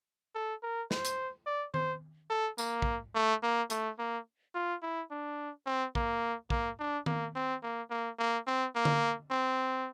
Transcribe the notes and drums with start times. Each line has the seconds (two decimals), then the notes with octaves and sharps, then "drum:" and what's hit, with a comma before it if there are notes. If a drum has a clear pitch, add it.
0.35 A4
0.63 A#4
0.91 C5, drum: snare
1.05 drum: hi-hat
1.46 D5
1.74 C5, drum: tom D#3
2.30 A4
2.58 A#3, drum: tambourine
2.82 drum: kick A#1
3.15 A3
3.43 A#3
3.70 A3, drum: hi-hat
3.98 A#3
4.55 F4
4.82 E4
5.11 D4
5.66 C4
5.95 A#3, drum: kick A#1
6.50 A#3, drum: kick A#1
6.79 D4
7.06 A#3, drum: tom D#3
7.35 C4
7.63 A#3
7.90 A#3
8.19 A#3
8.47 C4
8.75 A#3
8.85 drum: tom D3
9.31 C4